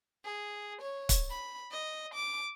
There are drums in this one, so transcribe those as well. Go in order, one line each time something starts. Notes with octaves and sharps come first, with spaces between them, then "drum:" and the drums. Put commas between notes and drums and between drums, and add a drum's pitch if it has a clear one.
G#4
C#5
drum: kick, hi-hat
B5
D#5
D6